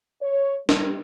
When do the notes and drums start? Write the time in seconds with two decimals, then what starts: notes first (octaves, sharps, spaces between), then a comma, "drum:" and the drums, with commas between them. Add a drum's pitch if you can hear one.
0.22 C#5
0.69 G3, drum: snare